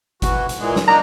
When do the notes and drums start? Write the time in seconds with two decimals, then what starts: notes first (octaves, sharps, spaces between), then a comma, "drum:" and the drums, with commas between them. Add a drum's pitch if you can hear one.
0.22 E3 F#4, drum: kick G1, hi-hat
0.49 drum: hi-hat
0.59 A#2 E3 G#3
0.76 drum: snare
0.87 A#3 D4 D#4 A#5